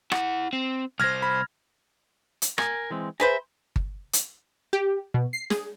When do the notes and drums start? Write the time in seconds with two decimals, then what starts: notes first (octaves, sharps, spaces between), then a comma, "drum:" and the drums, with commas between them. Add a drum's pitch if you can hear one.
0.12 E4 F#5, drum: rim click
0.53 C4
1.00 C2 C5 F6 G#6 A#6
1.22 B5
2.42 drum: hi-hat
2.58 A#4 G#5, drum: rim click
2.90 E3 G#3 C4
3.20 G#4 B4 C5 E5 A#5
3.76 drum: kick G1
4.13 drum: hi-hat
4.73 G4
5.14 B2
5.33 C7
5.50 G#4, drum: snare